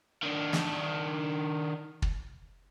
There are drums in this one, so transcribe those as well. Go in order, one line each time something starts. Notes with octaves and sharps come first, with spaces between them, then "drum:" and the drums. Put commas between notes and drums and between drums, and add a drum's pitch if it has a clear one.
D#3 D4
drum: snare
drum: kick